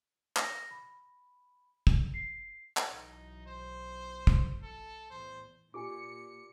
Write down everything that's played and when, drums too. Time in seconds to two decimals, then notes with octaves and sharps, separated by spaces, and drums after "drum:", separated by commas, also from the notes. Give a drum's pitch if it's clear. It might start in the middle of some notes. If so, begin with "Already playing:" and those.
0.36 A#6, drum: clap
0.71 B5
1.87 drum: kick
2.14 C7
2.77 drum: clap
2.86 B1 E3 D#4
3.47 C5
4.27 drum: kick
4.63 A4
5.10 E2 A2 C5
5.74 A#2 F4 G4 G#5 D6 C#7